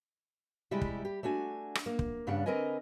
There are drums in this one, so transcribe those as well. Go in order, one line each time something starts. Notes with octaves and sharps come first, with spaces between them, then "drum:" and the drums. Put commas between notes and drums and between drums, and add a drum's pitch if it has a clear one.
C3 G3 G#3 E4 G4
drum: kick
G4
A3 D4 F#4 G#5
drum: rim click
A#3
drum: kick
G2 C#3 G3 D4 F#5
D3 C4 A#4 B4 D#5 G#5